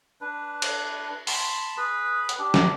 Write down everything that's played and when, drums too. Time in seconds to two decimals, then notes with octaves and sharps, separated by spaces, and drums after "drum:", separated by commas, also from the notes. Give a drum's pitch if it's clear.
0.21 D4 B4
0.62 drum: cymbal
1.27 A5 B5 C6, drum: open hi-hat
1.77 G#4 B4 B5
2.29 drum: hi-hat
2.39 D4 G4
2.54 drum: snare